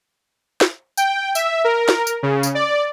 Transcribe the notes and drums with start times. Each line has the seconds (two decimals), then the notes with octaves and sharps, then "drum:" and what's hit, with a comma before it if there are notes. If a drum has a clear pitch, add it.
0.61 drum: snare
0.97 G5, drum: tambourine
1.35 E5, drum: tambourine
1.64 A#4
1.89 drum: snare
2.07 drum: tambourine
2.23 C#3
2.43 drum: tambourine
2.55 D5